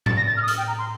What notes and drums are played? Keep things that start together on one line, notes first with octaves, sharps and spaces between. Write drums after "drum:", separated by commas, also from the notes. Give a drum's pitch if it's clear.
A6, drum: tom A2
A#6
A6
F6
D#6
F6, drum: hi-hat
G5
A#5
C6